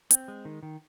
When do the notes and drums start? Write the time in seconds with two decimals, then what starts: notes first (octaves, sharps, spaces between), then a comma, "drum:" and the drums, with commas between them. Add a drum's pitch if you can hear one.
0.11 C4, drum: hi-hat
0.28 G#3
0.45 D#3
0.63 D#3